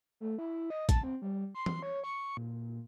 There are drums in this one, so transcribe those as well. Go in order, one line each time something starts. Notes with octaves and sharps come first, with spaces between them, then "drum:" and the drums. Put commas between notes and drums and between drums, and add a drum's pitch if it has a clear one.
A3
E4
D#5
A5, drum: kick, hi-hat
C4
G3
C6
drum: tom E3
C#5
C#6
A#2